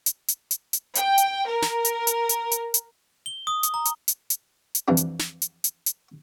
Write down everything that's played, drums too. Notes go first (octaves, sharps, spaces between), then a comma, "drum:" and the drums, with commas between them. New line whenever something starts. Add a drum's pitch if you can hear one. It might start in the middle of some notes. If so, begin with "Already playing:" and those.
drum: hi-hat
drum: hi-hat
drum: hi-hat
drum: hi-hat
G5, drum: hi-hat
drum: hi-hat
A#4
drum: snare
drum: hi-hat
drum: hi-hat
drum: hi-hat
drum: hi-hat
drum: hi-hat
G7
D#6
drum: hi-hat
A#5
drum: hi-hat
drum: hi-hat
drum: hi-hat
drum: hi-hat
F2 E3 F3 G3 D4
drum: hi-hat
drum: snare
drum: hi-hat
drum: hi-hat
drum: hi-hat